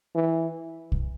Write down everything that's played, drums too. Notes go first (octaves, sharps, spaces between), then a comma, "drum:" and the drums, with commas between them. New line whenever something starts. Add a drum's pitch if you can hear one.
E3
drum: kick